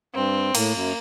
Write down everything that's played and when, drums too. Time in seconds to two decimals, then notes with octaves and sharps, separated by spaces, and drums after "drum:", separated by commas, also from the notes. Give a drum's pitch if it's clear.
0.15 G2 C4
0.55 A2 A#3, drum: cymbal
0.75 F#2